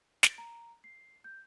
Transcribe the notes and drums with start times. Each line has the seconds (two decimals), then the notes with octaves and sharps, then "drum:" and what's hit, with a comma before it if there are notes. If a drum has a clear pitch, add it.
0.23 D7, drum: snare
0.38 A#5
0.84 C7
1.24 G6